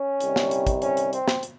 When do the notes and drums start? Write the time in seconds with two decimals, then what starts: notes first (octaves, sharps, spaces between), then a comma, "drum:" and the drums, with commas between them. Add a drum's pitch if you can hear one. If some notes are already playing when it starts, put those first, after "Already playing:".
Already playing: C#4
0.20 C2 C3 D#3 G3, drum: hi-hat
0.36 drum: snare
0.51 drum: hi-hat
0.67 drum: kick, hi-hat
0.82 C#4, drum: hi-hat
0.97 drum: hi-hat
1.13 C4, drum: hi-hat
1.28 drum: snare
1.43 drum: hi-hat